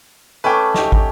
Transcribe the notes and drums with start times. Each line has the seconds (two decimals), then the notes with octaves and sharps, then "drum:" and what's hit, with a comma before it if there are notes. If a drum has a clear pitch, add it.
0.44 A3 C#4 B4 G5 D6
0.74 D#4 G4, drum: snare
0.92 drum: kick